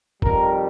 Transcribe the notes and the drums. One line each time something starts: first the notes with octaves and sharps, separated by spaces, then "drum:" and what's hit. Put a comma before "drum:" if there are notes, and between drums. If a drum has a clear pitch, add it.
F2 D#3 G3 A#4, drum: kick